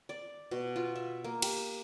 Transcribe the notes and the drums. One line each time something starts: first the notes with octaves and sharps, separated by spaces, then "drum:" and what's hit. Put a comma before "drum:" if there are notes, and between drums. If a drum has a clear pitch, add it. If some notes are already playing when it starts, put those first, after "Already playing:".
D5
B2
F4
E5
A#3
G4, drum: cymbal